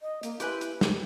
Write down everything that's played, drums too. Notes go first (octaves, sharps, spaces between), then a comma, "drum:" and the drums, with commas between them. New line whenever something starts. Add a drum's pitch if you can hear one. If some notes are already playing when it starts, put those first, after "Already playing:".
D#5
A#3, drum: hi-hat
E4 G4 B4 G#5, drum: hi-hat
drum: hi-hat
drum: snare